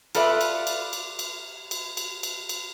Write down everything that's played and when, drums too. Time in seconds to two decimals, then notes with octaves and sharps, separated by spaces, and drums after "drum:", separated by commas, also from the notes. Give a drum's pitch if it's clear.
0.15 F4 A4 B4 D5 E5, drum: cymbal
0.41 drum: cymbal
0.67 drum: cymbal
0.93 drum: cymbal
1.19 drum: cymbal
1.71 drum: cymbal
1.97 drum: cymbal
2.23 drum: cymbal
2.49 drum: cymbal